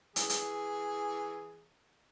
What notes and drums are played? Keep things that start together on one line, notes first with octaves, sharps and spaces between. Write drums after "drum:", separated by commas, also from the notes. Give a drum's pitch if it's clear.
E3 G#4, drum: hi-hat
drum: hi-hat